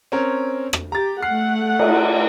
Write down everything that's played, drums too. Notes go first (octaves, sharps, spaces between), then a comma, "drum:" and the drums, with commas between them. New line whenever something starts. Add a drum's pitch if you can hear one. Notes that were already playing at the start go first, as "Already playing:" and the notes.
C4 C#4 A#4
drum: rim click
G4 A#5 A6
A3 F#5 F6 C7
drum: cymbal